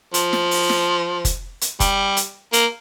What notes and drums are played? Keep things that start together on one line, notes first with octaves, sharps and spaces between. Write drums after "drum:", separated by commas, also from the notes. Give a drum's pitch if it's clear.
F3, drum: hi-hat
drum: snare
drum: open hi-hat
drum: snare
drum: kick F1, hi-hat
drum: hi-hat
G3, drum: kick F1, hi-hat
drum: hi-hat
A#3, drum: hi-hat